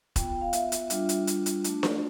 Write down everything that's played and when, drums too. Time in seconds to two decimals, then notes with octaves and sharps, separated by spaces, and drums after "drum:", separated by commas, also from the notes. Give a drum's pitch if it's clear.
0.16 B3 F4 G5, drum: kick E1, hi-hat
0.28 G5
0.41 F5
0.53 E5, drum: hi-hat
0.72 drum: hi-hat
0.90 G3 D4 F4, drum: hi-hat
1.09 drum: hi-hat
1.27 drum: hi-hat
1.46 drum: hi-hat
1.64 A3 D4 F4, drum: hi-hat
1.83 drum: snare D4